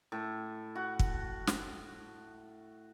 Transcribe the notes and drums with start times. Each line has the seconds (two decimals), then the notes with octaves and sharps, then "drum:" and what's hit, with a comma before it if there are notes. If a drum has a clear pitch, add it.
0.12 A2
0.76 F#4
0.99 drum: kick
1.47 drum: snare